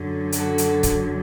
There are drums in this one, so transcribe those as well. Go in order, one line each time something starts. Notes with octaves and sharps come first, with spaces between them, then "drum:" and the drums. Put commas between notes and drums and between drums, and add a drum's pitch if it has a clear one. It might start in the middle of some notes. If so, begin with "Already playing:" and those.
Already playing: F#2 D3 F#3
F#4 A4, drum: hi-hat
drum: hi-hat
drum: kick C#1, hi-hat